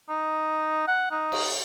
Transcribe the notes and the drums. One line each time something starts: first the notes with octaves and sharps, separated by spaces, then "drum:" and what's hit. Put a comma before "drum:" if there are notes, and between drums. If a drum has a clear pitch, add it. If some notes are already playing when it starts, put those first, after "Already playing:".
D#4
F#5
D#4
drum: cymbal